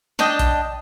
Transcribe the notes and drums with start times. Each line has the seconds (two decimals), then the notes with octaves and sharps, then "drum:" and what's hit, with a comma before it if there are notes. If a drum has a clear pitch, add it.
0.19 D4 D#5 G5, drum: snare
0.39 drum: kick A#1, hi-hat